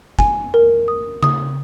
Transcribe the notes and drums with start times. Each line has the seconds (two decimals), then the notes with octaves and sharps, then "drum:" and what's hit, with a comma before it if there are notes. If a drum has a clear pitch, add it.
0.19 G#5, drum: kick
0.54 A#4
0.88 D#6
1.23 D#6, drum: tom C#3